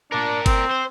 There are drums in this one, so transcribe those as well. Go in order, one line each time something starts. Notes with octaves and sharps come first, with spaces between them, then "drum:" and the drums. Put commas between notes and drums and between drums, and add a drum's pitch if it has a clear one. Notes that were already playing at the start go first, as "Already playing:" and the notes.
D4 A#4 D5
C4, drum: kick G1, cymbal
C5